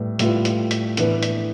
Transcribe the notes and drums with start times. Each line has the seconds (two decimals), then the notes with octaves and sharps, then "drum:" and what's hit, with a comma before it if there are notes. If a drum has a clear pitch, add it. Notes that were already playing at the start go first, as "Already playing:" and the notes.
Already playing: A2 G3 B3
0.19 A2 G3 B3 F4, drum: hi-hat
0.45 drum: hi-hat
0.71 drum: hi-hat
0.97 A2 E3 B3 D4, drum: hi-hat
1.23 drum: hi-hat